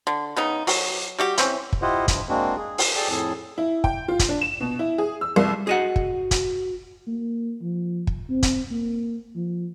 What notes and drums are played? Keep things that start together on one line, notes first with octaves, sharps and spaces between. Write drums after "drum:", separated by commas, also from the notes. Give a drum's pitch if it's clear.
D3
C#3 B3 D#4
F#3, drum: open hi-hat
G3 F#4 G4
E3 C4 C#4, drum: hi-hat
drum: kick
E4 F4 G4 C5 D#5 F#5
G2 F3, drum: kick, hi-hat
G#3 A#3 C4 D4 F#4
G#4
drum: open hi-hat
G#4 A4 D5 G5
F2 A2 G#4 A4
E4
G5, drum: kick
F4
drum: kick, hi-hat
D4
E7
B2
E4
G#4
E6
C2
F#4 G#4 D#5 F#5
drum: kick
drum: kick, hi-hat
A#3
F3
drum: kick
C4
drum: kick, hi-hat
A#3
F3